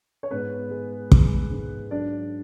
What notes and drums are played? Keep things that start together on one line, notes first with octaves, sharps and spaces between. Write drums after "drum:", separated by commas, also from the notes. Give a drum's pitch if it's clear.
C#5
G#2 B3 B4
G#3
G#3, drum: kick
G#2
F#3 D4 D5